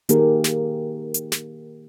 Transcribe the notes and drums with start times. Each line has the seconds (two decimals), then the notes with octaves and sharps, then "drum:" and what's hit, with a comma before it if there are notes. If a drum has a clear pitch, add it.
0.09 D#3 A#3 G4 G#4 A#4, drum: hi-hat
0.44 drum: snare
1.14 drum: hi-hat
1.32 drum: snare